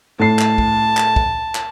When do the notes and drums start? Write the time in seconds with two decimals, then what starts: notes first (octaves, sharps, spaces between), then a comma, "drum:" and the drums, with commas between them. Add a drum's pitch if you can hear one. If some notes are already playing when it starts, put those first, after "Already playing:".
0.20 A2 A5 C7
0.39 drum: clap
0.58 drum: kick
0.97 drum: clap
1.16 drum: kick
1.55 drum: clap